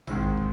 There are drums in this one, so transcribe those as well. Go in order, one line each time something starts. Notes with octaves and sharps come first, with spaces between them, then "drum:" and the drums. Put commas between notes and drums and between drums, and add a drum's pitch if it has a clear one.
G#2 D#3 G#3 C4 E4, drum: tom A1
drum: kick